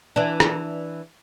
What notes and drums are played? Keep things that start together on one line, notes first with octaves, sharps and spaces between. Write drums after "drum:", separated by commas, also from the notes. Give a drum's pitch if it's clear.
E3 D4
drum: rim click